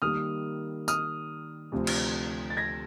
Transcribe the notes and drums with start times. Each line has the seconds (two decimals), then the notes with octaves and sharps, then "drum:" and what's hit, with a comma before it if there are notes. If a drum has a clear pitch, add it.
0.02 D#3 G3 A#3 D#6 F6
0.88 D#6 F6, drum: tambourine
1.72 D2 C3 F3
1.87 drum: cymbal
2.50 A6
2.57 G#6 A#6